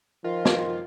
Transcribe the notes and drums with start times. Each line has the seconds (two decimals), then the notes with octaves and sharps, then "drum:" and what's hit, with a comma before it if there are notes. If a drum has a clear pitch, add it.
0.24 D#3 F3 F4
0.45 drum: snare